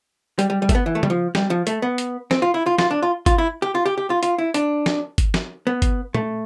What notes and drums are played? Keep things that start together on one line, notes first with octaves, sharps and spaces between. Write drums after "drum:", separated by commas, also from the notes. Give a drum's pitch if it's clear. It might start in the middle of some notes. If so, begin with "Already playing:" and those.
G3, drum: hi-hat
G3
G3
A3, drum: kick, hi-hat
B3
E3
A3
G3, drum: tom
F3
G3, drum: snare
F3
A3, drum: hi-hat
B3
drum: hi-hat
C4, drum: snare
F4
E4
F4
F4, drum: snare
D4
F4
F4, drum: kick, hi-hat
E4
G4
F4
G4
G4
F4
F4, drum: hi-hat
E4
D4, drum: hi-hat
drum: snare
drum: kick, hi-hat
drum: snare
B3
drum: kick, hi-hat
A3, drum: tom